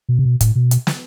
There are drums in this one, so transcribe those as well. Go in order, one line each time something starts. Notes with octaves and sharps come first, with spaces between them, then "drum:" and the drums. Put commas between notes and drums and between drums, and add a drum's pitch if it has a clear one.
B2
C3
B2
A2, drum: kick, hi-hat
B2
drum: hi-hat
drum: snare